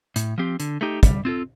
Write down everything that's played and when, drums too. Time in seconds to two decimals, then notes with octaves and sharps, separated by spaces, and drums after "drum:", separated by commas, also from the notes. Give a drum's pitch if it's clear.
0.16 A2, drum: hi-hat
0.38 F3 C4 G4
0.60 D3, drum: hi-hat
0.81 A3 D#4 G4
1.03 G3, drum: kick, hi-hat
1.25 C4 F4 A4